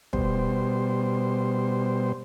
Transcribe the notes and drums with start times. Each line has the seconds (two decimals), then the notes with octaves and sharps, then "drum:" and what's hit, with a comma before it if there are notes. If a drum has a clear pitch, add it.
0.13 B2 G3 C5, drum: kick